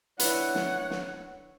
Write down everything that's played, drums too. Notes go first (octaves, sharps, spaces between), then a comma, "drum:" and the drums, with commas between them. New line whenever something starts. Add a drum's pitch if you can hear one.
D4 E4 B4 C#5 F#5, drum: hi-hat
drum: snare
drum: snare